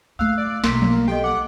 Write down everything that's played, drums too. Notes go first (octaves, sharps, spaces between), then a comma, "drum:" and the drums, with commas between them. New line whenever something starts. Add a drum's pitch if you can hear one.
A3 E4 F5 E6 F#6
D5
B1 A#3 C6 B6, drum: snare
drum: tom F3
G4 A4 D#5 G5
F#5 D6